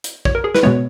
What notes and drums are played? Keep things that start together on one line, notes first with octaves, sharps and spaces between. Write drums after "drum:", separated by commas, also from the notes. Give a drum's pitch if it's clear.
drum: hi-hat
C#5, drum: kick
A#4
G#4
B4, drum: snare
B2 G#3 B3 C#5